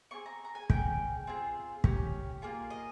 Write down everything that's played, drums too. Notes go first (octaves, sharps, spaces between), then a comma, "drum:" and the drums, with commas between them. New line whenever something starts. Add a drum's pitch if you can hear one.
C4 F4 G#4 C#6
A#5
A#5
G#5
C#4 G#4 G5, drum: kick
C4 F4 G#4
C#4 G4, drum: kick
A#3 F4 G#4
D#5